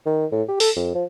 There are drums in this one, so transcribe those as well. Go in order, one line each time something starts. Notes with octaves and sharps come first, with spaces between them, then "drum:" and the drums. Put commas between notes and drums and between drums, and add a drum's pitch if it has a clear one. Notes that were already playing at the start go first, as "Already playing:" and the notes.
D#3
A2
G4
A4, drum: open hi-hat
F2
F3